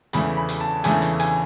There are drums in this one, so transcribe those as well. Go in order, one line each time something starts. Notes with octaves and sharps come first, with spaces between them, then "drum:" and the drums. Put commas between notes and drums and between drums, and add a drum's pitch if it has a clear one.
E2 C#3 E3 A3 B5, drum: hi-hat
B5
drum: hi-hat
A5
E2 C#3 E3 A3 G#5, drum: hi-hat
drum: hi-hat
G#5, drum: hi-hat